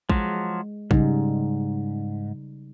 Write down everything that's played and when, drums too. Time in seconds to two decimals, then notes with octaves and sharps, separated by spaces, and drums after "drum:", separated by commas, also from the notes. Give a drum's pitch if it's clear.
0.10 F3 F#3 G#3, drum: kick
0.91 G#2 C#3 G3 D#4, drum: kick